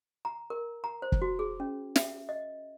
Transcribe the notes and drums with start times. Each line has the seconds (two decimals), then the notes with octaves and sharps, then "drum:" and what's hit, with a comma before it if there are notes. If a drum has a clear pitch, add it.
0.25 A#5
0.50 A#4
0.84 A#5
1.02 C5
1.12 drum: kick
1.22 F#4
1.39 G#4
1.60 C#4
1.96 E5, drum: snare
2.29 D#5